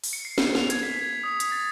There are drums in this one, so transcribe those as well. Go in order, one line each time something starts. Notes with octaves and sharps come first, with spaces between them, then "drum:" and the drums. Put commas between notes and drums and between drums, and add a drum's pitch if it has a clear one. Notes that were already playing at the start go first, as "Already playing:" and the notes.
drum: open hi-hat
C#7
C7
drum: snare
F7, drum: snare
G#6, drum: hi-hat
B6
G#6
D#6
drum: hi-hat
A6